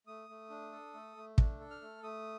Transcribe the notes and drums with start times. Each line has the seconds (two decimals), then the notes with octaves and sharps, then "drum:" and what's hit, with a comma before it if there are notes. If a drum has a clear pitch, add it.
0.07 A3 D#6
0.29 A3
0.50 D4
0.72 A4
0.94 A3
1.17 A3
1.38 D4, drum: kick
1.60 A4
1.70 F6
1.81 A3
2.03 A3 D#6